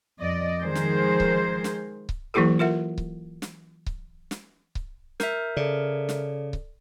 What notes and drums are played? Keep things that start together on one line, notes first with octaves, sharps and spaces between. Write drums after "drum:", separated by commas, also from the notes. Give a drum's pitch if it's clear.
F2 D5 D#5
D#3 F3 G#3 G#4 A#4 C5
drum: snare
drum: kick C#1
drum: snare
drum: kick C#1
E3 F#3 A#3 E4 G4 A4
F4 A#4 E5 F#5
drum: kick C#1
drum: snare
drum: kick C#1
drum: snare
drum: kick C#1
A#4 E5 G6, drum: snare
C#3 A4 D5
drum: snare
drum: kick C#1